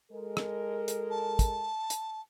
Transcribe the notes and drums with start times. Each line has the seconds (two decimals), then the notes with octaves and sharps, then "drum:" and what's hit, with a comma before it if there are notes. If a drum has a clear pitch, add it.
0.11 G#3 A4 A#4
0.37 drum: rim click
0.88 drum: hi-hat
1.10 A5
1.39 drum: kick, hi-hat
1.90 drum: hi-hat